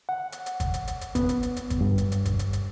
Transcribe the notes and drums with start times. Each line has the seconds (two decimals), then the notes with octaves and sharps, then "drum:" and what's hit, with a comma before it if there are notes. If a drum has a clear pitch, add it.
0.09 F#5
0.32 drum: hi-hat
0.46 drum: hi-hat
0.60 drum: kick, hi-hat
0.74 drum: hi-hat
0.87 drum: hi-hat
1.01 drum: hi-hat
1.15 B3, drum: kick, hi-hat
1.29 drum: hi-hat
1.43 drum: hi-hat
1.56 drum: hi-hat
1.70 drum: kick, hi-hat
1.81 G2
1.98 drum: hi-hat
2.12 drum: hi-hat
2.25 drum: kick, hi-hat
2.39 drum: hi-hat
2.53 drum: hi-hat